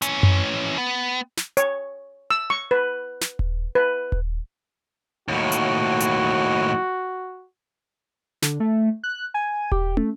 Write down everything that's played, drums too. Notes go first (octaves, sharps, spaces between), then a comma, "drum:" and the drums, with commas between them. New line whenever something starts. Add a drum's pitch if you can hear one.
E3 C#4, drum: hi-hat
drum: tom F#2
B3
drum: snare
C#5, drum: hi-hat
E6
C#6
B4
drum: snare
drum: kick D#1
B4
drum: kick D#1
D#2 A2 F#4
drum: hi-hat
drum: hi-hat
D3, drum: snare
A3
F#6
G#5
G4, drum: kick D#1
A3, drum: tom